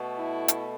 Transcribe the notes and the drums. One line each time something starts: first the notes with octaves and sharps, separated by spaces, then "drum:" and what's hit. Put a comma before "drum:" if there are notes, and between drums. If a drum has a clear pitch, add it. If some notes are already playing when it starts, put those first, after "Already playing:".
Already playing: B2 A3
E4
drum: hi-hat